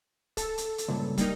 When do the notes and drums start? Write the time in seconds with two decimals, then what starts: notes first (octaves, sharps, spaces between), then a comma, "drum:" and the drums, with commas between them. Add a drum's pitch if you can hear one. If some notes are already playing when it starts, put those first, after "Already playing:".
0.37 A4, drum: kick, hi-hat
0.58 drum: hi-hat
0.78 drum: hi-hat
0.88 C#2 G2 A#2
1.17 G3 A#3 D#4, drum: kick, hi-hat